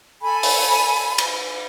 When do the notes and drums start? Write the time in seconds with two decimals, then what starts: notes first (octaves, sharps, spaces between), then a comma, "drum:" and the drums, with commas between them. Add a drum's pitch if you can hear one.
0.22 A4 G#5 B5
0.43 drum: open hi-hat
1.18 drum: cymbal